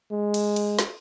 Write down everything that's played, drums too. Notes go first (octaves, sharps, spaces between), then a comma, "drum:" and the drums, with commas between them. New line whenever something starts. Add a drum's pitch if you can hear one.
G#3
drum: cymbal
drum: cymbal
drum: snare